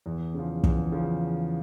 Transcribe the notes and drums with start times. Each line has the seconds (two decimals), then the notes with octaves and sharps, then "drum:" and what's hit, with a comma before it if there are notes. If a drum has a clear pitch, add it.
0.06 E2
0.34 C#3 F3
0.64 E2, drum: kick
0.92 C#3 F3